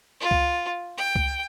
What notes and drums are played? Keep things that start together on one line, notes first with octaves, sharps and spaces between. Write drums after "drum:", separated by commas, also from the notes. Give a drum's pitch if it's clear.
F4
drum: kick C#2
G5
drum: kick C#2